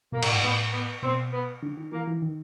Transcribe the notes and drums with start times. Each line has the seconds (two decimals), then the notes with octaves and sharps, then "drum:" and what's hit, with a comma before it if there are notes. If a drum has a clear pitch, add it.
0.12 B2 A#3
0.23 A2, drum: cymbal
0.33 G#2
0.43 A2 B3
0.73 B3
1.02 B2 C4
1.33 B3
1.62 D3
1.77 D#3
1.92 E3 A#3
2.07 E3
2.22 D#3